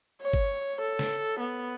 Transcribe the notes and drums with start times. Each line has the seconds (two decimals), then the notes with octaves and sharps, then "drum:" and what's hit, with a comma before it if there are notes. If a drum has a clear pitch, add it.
0.22 C#5
0.33 drum: kick G1
0.81 A4
0.99 drum: snare
1.40 B3